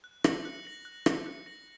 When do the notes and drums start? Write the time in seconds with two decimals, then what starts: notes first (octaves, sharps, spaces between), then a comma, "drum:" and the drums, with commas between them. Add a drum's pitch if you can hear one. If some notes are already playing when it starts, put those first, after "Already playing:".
0.04 F#6
0.24 A#6 C#7 F#7, drum: rim click
0.45 F#6
0.65 A#6 C#7 F#7
0.85 F#6
1.06 A#6 C#7 F#7, drum: rim click
1.26 F#6
1.46 A#6 C#7 F#7